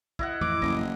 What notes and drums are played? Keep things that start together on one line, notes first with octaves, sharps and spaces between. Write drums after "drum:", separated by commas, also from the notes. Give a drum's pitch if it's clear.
E4 D#5 F#5, drum: kick
F2 A2 E3 D6
F#1 D#5, drum: kick